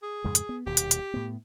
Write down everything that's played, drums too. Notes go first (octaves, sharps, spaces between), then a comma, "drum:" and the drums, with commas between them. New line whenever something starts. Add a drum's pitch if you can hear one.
G#4
F2 G#2 C#3
drum: hi-hat
B3
D#1 D#2 B2 G4
drum: hi-hat
drum: hi-hat
A2 B3